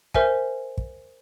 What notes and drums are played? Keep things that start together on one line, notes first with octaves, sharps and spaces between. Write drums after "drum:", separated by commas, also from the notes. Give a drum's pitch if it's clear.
A#4 C5 E5 G#5, drum: kick
drum: kick